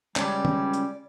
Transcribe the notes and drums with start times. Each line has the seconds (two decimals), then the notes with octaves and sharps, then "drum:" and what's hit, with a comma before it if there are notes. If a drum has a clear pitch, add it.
0.16 C#3 G3 G#3 C#4 D5, drum: clap
0.45 drum: tom
0.73 drum: hi-hat